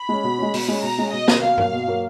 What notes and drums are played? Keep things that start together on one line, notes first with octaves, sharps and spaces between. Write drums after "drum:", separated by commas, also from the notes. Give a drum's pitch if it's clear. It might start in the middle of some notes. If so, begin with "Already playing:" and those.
Already playing: B5
G#3 C#4
B2
G#3 C#4
B2, drum: open hi-hat
G#3 C#4
B2 A#5
G#3 C#4
B2 D#5
F#3 A#3, drum: snare
B2 F5
F#3 A#3, drum: tom G2
B2
F#3 A#3